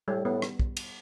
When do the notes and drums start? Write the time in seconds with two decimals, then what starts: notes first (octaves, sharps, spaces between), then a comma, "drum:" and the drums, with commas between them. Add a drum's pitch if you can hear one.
0.08 A2 G3
0.25 A2 B3
0.42 drum: rim click
0.59 drum: kick
0.77 drum: cymbal